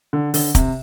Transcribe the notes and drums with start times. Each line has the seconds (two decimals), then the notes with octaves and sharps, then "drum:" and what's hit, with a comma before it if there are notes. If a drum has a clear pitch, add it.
0.13 D3
0.34 D3, drum: open hi-hat
0.55 C3, drum: kick, hi-hat